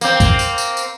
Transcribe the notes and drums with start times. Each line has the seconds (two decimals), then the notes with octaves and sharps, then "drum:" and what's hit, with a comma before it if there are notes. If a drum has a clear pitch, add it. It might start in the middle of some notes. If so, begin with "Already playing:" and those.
0.01 A#3 C4, drum: tambourine
0.20 drum: kick, tambourine
0.39 drum: tambourine
0.58 drum: tambourine
0.77 drum: tambourine